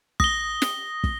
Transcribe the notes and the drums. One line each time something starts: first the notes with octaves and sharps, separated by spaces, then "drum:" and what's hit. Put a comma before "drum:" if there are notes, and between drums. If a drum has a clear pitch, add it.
D#6 A#6 G7, drum: kick
drum: snare
drum: kick